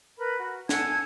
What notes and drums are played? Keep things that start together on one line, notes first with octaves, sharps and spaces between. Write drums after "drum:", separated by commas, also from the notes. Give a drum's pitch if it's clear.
A#4 B4 B5
F#4
A4 F#5 G#5 G#6, drum: snare